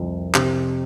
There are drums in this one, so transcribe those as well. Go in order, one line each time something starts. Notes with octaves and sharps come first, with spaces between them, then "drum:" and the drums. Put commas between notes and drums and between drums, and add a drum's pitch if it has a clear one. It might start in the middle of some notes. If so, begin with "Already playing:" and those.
Already playing: C2 F2
C3, drum: clap